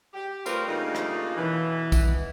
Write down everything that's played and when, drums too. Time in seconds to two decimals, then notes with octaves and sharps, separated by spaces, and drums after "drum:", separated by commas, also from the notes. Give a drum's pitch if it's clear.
0.14 G4
0.46 G3 A3 C4 F4 A#4 B4, drum: tambourine
0.68 G2 C#3 A3 A#3 D#4 F4
0.95 drum: rim click
1.37 B2 E3
1.92 drum: kick, tambourine